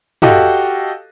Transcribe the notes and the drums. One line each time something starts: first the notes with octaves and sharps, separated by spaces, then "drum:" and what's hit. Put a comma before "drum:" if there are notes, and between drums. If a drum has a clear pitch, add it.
F#4 G4 A4 D#5 F5, drum: tom